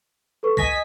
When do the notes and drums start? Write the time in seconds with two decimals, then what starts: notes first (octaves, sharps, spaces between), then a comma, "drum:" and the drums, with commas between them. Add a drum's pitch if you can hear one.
0.43 A4 B4 C#6
0.57 D#5 G#5 A#6 B6, drum: kick